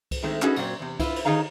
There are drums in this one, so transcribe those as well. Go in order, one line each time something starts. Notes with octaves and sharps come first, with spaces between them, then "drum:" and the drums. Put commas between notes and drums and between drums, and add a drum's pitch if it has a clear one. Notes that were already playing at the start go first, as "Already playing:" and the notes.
drum: kick C2, cymbal
D#3 G#3 A3 C4
C#4 D#4 F#4 G#4 A4 B4, drum: clap
F#2 A#2 F#3 C4, drum: cymbal
E2 C3
E4 F4 B4, drum: kick C2, cymbal
drum: cymbal
D#3 D#4 G#4 F5 A#5